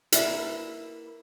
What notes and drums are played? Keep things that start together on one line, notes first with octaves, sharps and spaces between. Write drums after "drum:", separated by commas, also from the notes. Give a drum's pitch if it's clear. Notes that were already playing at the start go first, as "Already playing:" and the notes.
A#3 E4 B4, drum: hi-hat